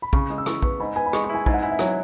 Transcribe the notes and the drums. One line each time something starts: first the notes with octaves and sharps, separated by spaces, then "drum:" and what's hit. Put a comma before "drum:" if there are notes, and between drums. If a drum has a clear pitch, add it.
B5
C#3 C#6, drum: kick A#1
G#3
E6
E3 C#6, drum: rim click
B3 C#6, drum: kick A#1
G#2 B5
B3 G#5
B5
G#3 C#6, drum: rim click
C#6
E4
G#5
G#2 G#5, drum: kick A#1
F#5
E4 G#5
E5
F#3 C#5, drum: rim click